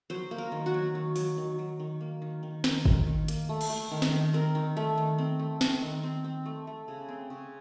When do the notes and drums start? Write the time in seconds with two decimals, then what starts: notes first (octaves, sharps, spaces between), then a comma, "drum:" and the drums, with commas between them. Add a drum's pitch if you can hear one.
0.10 F#3 C5
0.31 A#3
0.38 A#4
0.52 D#3
0.66 F#4
0.74 F#3
0.95 D#3
1.16 F#3, drum: open hi-hat
1.37 D#3
1.59 F#3
1.80 D#3
2.01 A#3
2.22 D#3
2.43 D#3
2.64 D#3 A#4, drum: snare
2.85 D#3, drum: kick
3.07 D#3
3.28 A#3, drum: hi-hat
3.49 A3
3.61 drum: cymbal
3.70 A3
3.91 D#3
4.02 drum: snare
4.12 D#3
4.33 C4 A#4
4.55 D#3
4.77 A3
4.98 D#3
5.18 C4
5.39 A3
5.61 C4, drum: snare
5.82 D#3
6.03 C4
6.24 C4
6.46 A3
6.67 A3
6.88 C#3
7.09 C4
7.30 C#3